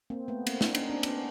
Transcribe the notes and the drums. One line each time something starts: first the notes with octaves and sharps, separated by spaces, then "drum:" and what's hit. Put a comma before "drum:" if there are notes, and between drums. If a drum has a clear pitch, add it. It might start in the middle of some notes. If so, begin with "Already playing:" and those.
A#3 C4
A3 B3
A#3 C4, drum: cymbal
C4 D4, drum: snare
C#4 D#4, drum: cymbal
C4 D4
B3 C#4, drum: cymbal